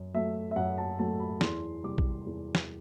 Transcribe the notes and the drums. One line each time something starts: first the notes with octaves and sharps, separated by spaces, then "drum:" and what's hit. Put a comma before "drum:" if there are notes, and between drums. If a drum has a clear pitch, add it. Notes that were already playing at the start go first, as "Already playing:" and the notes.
Already playing: F#2
F#3 A3 E5
E5
F#2 F#5
A5
F#3 A3 A5
B5
E2 C6, drum: snare
C3 G3 D6
drum: kick A#1
E2
drum: snare